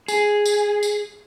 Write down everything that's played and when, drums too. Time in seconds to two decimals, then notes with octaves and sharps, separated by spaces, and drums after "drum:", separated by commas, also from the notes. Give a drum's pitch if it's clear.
0.08 G#4, drum: tambourine
0.46 drum: tambourine
0.83 drum: tambourine